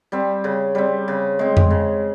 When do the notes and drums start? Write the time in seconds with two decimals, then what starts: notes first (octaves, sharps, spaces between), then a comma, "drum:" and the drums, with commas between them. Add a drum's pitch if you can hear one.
0.12 G3 C4
0.44 C#3
0.75 G3 C4
1.08 C#3
1.39 G#3 C4
1.57 drum: tom F2
1.70 C#3